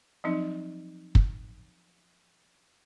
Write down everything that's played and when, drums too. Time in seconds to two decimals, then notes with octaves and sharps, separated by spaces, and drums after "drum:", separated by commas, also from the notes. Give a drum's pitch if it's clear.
0.24 F3 F#3 C4 D#4
1.15 drum: kick